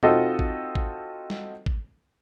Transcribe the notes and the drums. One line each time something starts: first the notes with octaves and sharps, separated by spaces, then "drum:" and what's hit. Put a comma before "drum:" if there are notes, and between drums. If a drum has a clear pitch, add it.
C4 D#4 F4 F#4 A4 D#5, drum: tom B2
drum: kick
drum: kick
drum: snare
drum: kick